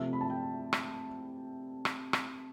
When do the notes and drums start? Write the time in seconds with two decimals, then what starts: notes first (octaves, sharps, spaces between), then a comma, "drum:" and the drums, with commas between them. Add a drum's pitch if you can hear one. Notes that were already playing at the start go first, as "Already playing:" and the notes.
Already playing: C3 F3 A3 E5
0.13 B5
0.21 A5
0.30 G5
0.73 drum: rim click
1.85 drum: rim click
2.13 drum: rim click